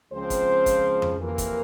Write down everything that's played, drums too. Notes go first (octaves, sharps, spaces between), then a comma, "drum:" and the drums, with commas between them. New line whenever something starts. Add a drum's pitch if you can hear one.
C#2 C#3 F3 C4 C5
drum: kick, hi-hat
drum: kick, hi-hat
drum: tom F2
F2 C3 E3 A#3 A#4
drum: kick, hi-hat